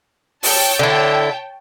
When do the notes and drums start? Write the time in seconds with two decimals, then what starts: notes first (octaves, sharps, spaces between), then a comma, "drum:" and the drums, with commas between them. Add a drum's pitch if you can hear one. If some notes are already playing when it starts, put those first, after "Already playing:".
0.43 C#5 G5 A5, drum: open hi-hat
0.79 D3 E4